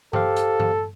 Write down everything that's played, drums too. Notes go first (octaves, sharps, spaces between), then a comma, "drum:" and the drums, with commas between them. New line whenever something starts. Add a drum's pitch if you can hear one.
G4 A4 C5 F5, drum: tom G2
drum: hi-hat
drum: tom G2